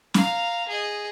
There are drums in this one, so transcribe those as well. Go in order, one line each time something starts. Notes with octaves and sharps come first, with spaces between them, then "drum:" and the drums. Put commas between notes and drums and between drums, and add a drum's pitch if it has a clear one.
F5 A#5, drum: snare C#4
G#4 D#5